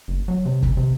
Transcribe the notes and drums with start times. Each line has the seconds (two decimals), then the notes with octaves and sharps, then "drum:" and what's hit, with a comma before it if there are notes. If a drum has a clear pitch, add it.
0.08 F#1
0.28 F#3
0.45 C3
0.62 drum: kick
0.77 C3